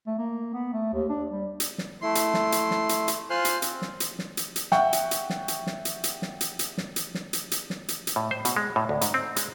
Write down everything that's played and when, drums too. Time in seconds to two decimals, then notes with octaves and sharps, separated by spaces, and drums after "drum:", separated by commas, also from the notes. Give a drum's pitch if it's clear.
0.07 A3
0.19 A#3
0.54 B3
0.73 A3
0.93 D#2
1.09 D4
1.30 G3
1.60 drum: hi-hat
1.78 drum: snare
2.02 A3 E4 C6
2.15 drum: hi-hat
2.34 drum: snare
2.52 drum: hi-hat
2.71 drum: snare
2.89 drum: hi-hat
3.08 drum: hi-hat
3.30 F4 C5 G#5 C6 F6 F#6
3.45 drum: hi-hat
3.62 C4, drum: hi-hat
3.82 drum: snare
4.00 drum: hi-hat
4.19 drum: snare
4.37 drum: hi-hat
4.56 drum: hi-hat
4.72 E5 F#5 G5 C#6, drum: snare
4.93 drum: hi-hat
5.11 drum: hi-hat
5.30 drum: snare
5.48 drum: hi-hat
5.67 drum: snare
5.85 drum: hi-hat
6.04 drum: hi-hat
6.22 drum: snare
6.41 drum: hi-hat
6.59 drum: hi-hat
6.78 drum: snare
6.96 drum: hi-hat
7.15 drum: snare
7.33 drum: hi-hat
7.51 drum: hi-hat
7.70 drum: snare
7.88 drum: hi-hat
8.07 drum: hi-hat
8.16 A2
8.31 C5
8.45 B2, drum: hi-hat
8.57 G#3
8.76 A2
8.89 D2
9.01 G#2, drum: hi-hat
9.14 C4
9.36 G#3, drum: hi-hat